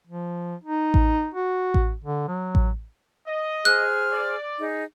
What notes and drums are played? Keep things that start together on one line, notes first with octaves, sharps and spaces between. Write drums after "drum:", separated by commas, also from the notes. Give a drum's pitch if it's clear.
F3
D#4
drum: kick A1
F#4
drum: kick A1
D3
F#3
drum: kick A1
D#5
G#4 C5 F6 F#6
D5
D#4 G#4